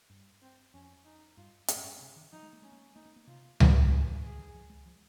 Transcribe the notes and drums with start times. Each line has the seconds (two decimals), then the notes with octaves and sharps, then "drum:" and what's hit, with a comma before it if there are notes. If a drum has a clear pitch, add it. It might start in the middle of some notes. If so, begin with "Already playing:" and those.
0.10 G2
0.42 C4
0.73 F2 C#4
1.05 D#4
1.37 G2 F4
1.68 G2 C#4, drum: hi-hat
1.76 G#2
1.84 G2
2.00 C3
2.16 D#3
2.32 F3 D#4
2.43 G#3
2.53 A#3
2.62 G#3 C#4
2.72 A#3
2.95 A#3 D#4
3.06 A#3
3.16 A#3
3.27 C3 F4
3.60 drum: tom C#2
3.91 G#4
4.23 G#4
4.55 F3
4.70 G#3
4.86 F3